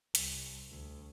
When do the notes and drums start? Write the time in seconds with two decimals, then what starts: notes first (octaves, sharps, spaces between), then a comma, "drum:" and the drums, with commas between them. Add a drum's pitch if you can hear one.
0.15 C2, drum: hi-hat
0.69 D2